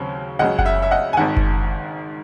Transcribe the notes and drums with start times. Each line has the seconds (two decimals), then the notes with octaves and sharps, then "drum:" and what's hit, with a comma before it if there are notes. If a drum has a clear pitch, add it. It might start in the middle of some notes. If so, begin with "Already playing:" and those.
Already playing: D#2 C#3 F#3 C4
0.39 C#2 C#3 F#3 D#5 F#5
0.59 F#5, drum: kick F#1
0.66 E5
0.82 E5
0.91 D#5 F#5
1.13 G#5
1.17 G#1 G#2 D#3 F#5 A5
1.37 drum: kick F#1